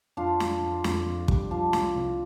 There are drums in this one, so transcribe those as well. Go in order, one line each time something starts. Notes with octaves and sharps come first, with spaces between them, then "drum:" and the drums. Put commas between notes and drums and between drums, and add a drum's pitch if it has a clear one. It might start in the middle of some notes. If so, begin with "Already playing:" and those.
F2 D4 F4
F2, drum: snare
F2
F2, drum: snare
F2
G3, drum: kick
F3 D4 F4
C2, drum: snare
C2